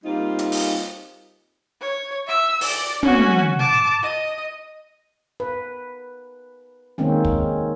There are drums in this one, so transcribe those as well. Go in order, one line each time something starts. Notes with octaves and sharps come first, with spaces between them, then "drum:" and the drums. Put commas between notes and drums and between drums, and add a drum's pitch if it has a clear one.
G3 A#3 C4 D#4 F4
drum: hi-hat
drum: open hi-hat
C#5
E5 E6
D5, drum: open hi-hat
C#4 F#4, drum: tom
A5 D6
D#5
B4
D#3 G#3 A#3 C4 C#4
drum: kick